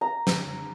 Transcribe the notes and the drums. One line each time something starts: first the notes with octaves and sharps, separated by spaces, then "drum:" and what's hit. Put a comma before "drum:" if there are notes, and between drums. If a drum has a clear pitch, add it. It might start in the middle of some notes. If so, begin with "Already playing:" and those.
A#5
drum: snare